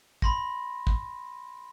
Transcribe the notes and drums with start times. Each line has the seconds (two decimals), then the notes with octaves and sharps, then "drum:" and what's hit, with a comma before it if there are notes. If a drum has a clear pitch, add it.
0.22 B5 C6 A#6, drum: kick
0.87 drum: kick